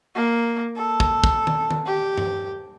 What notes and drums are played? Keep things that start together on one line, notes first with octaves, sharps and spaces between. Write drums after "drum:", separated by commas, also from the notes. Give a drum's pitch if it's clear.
A#3
A4
drum: kick
drum: kick
drum: tom D#3
drum: tom D#3
G4
drum: tom G2